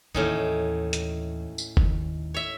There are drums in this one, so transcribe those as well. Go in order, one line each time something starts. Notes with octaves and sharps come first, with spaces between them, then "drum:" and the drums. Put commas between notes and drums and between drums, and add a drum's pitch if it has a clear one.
D#2 A2 E3 C#4 D#4
drum: hi-hat
drum: tambourine
D#2 D#3, drum: kick
C#5 E5